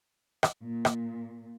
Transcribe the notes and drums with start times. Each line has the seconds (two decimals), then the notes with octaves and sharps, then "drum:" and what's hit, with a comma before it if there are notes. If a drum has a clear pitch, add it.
0.43 drum: rim click
0.64 A#2
0.85 drum: rim click